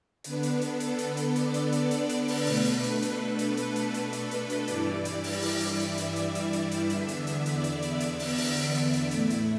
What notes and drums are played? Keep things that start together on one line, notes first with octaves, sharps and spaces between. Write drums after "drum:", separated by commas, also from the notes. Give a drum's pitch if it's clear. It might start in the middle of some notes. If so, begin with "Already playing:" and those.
D3 B3 D4 B4, drum: hi-hat
drum: hi-hat
drum: hi-hat
A4, drum: hi-hat
drum: hi-hat
drum: hi-hat
D5, drum: hi-hat
drum: hi-hat
drum: hi-hat
drum: hi-hat
drum: hi-hat
drum: open hi-hat
B2 A3 D4 B4, drum: open hi-hat
drum: hi-hat
drum: hi-hat
A4, drum: hi-hat
drum: hi-hat
drum: hi-hat
drum: hi-hat
drum: hi-hat
drum: hi-hat
drum: hi-hat
drum: hi-hat
G2 E3 G3 E4 D5, drum: hi-hat
drum: hi-hat
drum: open hi-hat
drum: open hi-hat
drum: hi-hat
E5, drum: hi-hat
drum: hi-hat
drum: hi-hat
E5, drum: hi-hat
drum: hi-hat
drum: hi-hat
E2 D3 B3 D4, drum: hi-hat
drum: hi-hat
drum: hi-hat
D5, drum: hi-hat
drum: hi-hat
drum: hi-hat
E5, drum: hi-hat
drum: open hi-hat
drum: open hi-hat
drum: hi-hat
drum: hi-hat
drum: hi-hat
A2 A3 E4, drum: hi-hat
drum: hi-hat